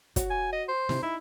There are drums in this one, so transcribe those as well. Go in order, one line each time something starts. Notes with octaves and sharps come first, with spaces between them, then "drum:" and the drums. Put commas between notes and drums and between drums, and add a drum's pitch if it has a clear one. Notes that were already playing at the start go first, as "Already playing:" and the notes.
F#4 C#5, drum: kick, hi-hat
G#5
D#5
C5
C3 E4, drum: snare
D#4 E4